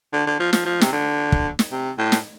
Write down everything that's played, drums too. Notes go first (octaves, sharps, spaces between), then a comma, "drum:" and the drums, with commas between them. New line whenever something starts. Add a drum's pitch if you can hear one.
D3
D3
F3
F3, drum: snare
F3
C3, drum: snare
D3
drum: kick
drum: snare
C3
A2
drum: snare